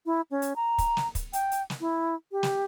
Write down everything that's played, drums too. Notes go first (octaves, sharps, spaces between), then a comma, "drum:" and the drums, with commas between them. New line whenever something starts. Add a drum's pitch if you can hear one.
E4
C#4
drum: hi-hat
A#5
drum: kick, hi-hat
drum: snare
drum: kick, hi-hat
G5, drum: hi-hat
drum: hi-hat
drum: snare
E4
G4
drum: snare